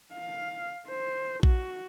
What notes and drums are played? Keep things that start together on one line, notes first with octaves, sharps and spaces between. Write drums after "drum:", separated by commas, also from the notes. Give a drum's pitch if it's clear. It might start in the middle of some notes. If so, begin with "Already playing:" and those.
F5
C5
F#4, drum: kick A#1